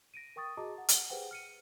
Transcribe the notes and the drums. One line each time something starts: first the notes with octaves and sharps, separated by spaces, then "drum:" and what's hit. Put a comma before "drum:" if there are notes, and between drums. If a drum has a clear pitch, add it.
A#6 D7 D#7
A#4 G5 C#6 D#6 A6
F#4 G#4 D#5 A5 A#5 D6
F#5
drum: hi-hat
G4 G#4 B4 C5 F#5 G5
F6 C#7 D#7